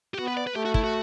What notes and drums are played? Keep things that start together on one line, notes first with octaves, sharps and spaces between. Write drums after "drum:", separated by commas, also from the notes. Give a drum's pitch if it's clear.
G4
B3 F#4
B4
D5
B4
A3 G4
F#4
E4, drum: kick
F#4